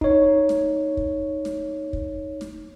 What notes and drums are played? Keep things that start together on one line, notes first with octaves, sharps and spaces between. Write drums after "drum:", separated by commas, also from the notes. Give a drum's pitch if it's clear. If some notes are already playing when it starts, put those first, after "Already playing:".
D#4 C#5, drum: kick
drum: snare
drum: kick
drum: snare
drum: kick
drum: snare